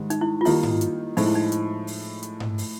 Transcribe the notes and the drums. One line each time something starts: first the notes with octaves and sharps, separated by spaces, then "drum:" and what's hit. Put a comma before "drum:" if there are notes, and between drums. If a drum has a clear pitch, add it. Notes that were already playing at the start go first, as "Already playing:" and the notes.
Already playing: G#2 D#3 G3
D#4, drum: hi-hat
E4
F4
D#3 G3 A#3 D#4 E4, drum: open hi-hat
drum: tom G#2
drum: hi-hat
A2 F3 G#3 D#4, drum: open hi-hat
E4
D#4
drum: hi-hat
drum: open hi-hat
drum: hi-hat
drum: tom G#2
drum: open hi-hat